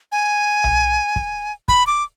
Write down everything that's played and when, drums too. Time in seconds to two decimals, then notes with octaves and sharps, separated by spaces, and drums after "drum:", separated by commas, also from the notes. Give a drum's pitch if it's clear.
0.12 G#5
0.64 drum: tom B1
1.16 drum: kick
1.68 B5, drum: kick
1.87 D6